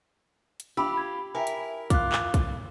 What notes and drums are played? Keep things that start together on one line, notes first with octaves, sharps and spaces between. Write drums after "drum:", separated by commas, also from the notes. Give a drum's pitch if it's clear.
drum: hi-hat
F4 G4 B5 D6 E6
G#6
E4 A#4 E5 G5 G#5
drum: hi-hat
F4 D6 F#6, drum: kick, hi-hat
drum: clap
drum: kick, hi-hat